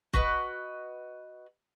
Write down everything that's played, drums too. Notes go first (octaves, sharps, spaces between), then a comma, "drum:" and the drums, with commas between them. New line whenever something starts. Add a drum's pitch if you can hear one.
F#4 B4 D#5, drum: kick